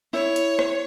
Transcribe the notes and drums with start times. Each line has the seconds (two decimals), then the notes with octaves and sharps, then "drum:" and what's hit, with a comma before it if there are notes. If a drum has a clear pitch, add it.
0.13 E4 C#5
0.36 drum: hi-hat
0.59 drum: rim click